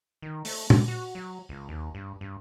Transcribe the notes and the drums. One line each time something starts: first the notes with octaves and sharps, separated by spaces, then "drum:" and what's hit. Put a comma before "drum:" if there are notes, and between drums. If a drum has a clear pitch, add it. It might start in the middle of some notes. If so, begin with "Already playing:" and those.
D#3
A3, drum: open hi-hat
D3, drum: tom A#2
F#4
F#3
C#2
D#2
G2
G2